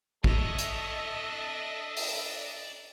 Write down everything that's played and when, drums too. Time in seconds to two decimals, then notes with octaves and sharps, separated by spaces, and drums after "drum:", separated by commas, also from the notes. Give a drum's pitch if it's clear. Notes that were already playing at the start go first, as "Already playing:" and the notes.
0.24 D4 A4 C#5 D#5 E5, drum: kick
0.58 drum: hi-hat
1.97 drum: open hi-hat